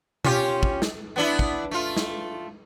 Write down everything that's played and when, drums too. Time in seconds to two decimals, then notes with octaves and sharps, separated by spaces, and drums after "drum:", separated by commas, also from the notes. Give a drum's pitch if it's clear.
0.25 C#4 F4 G4, drum: tom B2
0.63 drum: kick
0.82 drum: snare
1.16 B3 D4 E4
1.39 drum: kick
1.71 A3 F4
1.97 drum: snare